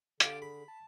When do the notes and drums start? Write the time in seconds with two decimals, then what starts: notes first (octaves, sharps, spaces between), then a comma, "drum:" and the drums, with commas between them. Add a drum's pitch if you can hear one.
0.20 D3 D4 G4 D5 F5, drum: hi-hat
0.42 G#4 B5
0.68 A5